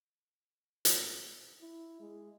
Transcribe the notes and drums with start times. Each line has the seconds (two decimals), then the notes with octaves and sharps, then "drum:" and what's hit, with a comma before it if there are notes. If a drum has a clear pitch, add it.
0.85 drum: hi-hat
1.61 E4
2.01 G#3